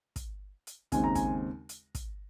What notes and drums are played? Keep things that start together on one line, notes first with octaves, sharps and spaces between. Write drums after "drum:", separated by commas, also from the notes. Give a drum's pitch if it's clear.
drum: kick, hi-hat
drum: hi-hat
D#2 C#3 G#3 C4 G#5, drum: kick, hi-hat
A#5
G#5, drum: kick, hi-hat
drum: hi-hat
drum: kick, hi-hat